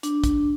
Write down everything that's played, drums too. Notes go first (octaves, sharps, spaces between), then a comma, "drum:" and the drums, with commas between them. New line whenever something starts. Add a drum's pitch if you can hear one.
D4, drum: hi-hat
drum: kick, hi-hat